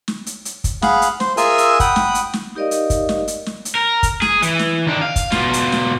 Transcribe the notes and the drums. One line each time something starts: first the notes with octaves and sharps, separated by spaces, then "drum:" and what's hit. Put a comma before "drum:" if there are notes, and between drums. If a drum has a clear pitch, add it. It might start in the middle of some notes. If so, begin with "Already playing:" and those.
drum: snare
drum: hi-hat
drum: hi-hat
drum: kick, hi-hat
G#4 F5 F#5 B5, drum: snare
drum: hi-hat
C5, drum: snare
F4 G#4 A#4 E5 G#5 E6, drum: hi-hat
drum: hi-hat
F#5 G5 B5 D#6, drum: kick, hi-hat
drum: snare
drum: hi-hat
drum: snare
D#4 G4 A#4 D5 D#5 F5
drum: hi-hat
drum: kick, hi-hat
drum: snare
drum: hi-hat
drum: snare
drum: hi-hat
A#4
drum: kick, hi-hat
G#4, drum: snare
E3, drum: hi-hat
drum: snare
D#3 D4
F5
drum: kick, hi-hat
B2 F4, drum: snare
drum: hi-hat
drum: snare